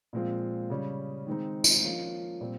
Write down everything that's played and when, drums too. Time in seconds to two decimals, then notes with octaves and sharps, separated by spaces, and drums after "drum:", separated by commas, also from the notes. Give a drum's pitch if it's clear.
0.13 A#2 F3 G#3 C4 F4
0.70 C#3 G3 C#4
1.27 D#3 G#3 C4 D#4
1.64 drum: tambourine
1.84 F3 A#3 C#4 F4
2.41 A#2 G3 C4